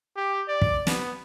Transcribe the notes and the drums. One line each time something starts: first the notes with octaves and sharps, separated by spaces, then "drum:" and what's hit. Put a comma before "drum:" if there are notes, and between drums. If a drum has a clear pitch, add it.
G4
D5
drum: kick
B3, drum: snare